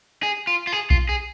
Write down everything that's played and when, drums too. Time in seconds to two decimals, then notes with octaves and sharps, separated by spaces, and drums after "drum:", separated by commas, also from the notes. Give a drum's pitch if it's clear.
0.23 G#4
0.47 F4
0.67 F4
0.73 G#4
0.90 F4, drum: kick B1
1.09 G#4